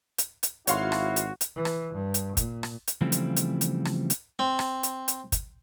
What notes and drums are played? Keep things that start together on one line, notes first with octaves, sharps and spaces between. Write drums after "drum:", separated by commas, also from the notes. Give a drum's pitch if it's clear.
drum: hi-hat
drum: hi-hat
G#1 E4 F#4 C#5 F5 C6, drum: hi-hat
drum: rim click
drum: hi-hat
drum: hi-hat
E3
drum: rim click
G2
drum: hi-hat
A#2, drum: kick, hi-hat
drum: rim click
drum: hi-hat
C#3 E3 F3 G3 A3 C4
drum: hi-hat
drum: hi-hat
drum: hi-hat
drum: rim click
drum: hi-hat
C4
drum: rim click
drum: hi-hat
drum: hi-hat
drum: kick, hi-hat